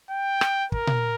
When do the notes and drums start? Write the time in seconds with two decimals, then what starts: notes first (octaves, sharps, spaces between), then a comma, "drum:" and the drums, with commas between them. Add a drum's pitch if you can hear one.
0.10 G5
0.41 drum: rim click
0.72 A#4, drum: kick
0.87 drum: tom A#2